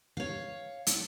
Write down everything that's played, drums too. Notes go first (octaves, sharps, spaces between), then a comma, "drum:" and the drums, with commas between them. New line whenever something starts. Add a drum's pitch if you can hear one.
C#5 F5
drum: hi-hat